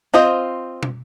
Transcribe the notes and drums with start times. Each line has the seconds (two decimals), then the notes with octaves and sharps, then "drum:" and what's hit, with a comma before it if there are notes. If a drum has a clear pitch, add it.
0.14 C4 F4 C5 D#5, drum: snare
0.83 drum: tom